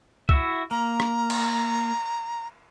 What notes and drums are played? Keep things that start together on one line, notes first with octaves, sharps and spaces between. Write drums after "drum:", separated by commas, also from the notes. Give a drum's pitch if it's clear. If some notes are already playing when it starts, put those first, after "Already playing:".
E4 F#4 E5, drum: kick
A#3 A#5
drum: rim click
drum: cymbal